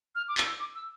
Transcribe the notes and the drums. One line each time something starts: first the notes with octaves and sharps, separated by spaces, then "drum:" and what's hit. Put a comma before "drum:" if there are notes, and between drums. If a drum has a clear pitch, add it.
F6
D6
E6, drum: clap
D6
E6